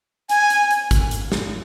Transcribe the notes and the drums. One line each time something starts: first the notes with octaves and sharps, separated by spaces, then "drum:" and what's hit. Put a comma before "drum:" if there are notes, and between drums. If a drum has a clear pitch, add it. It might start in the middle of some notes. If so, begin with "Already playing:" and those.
G#5, drum: hi-hat
drum: hi-hat
drum: hi-hat
drum: kick G#1, hi-hat
drum: hi-hat
drum: snare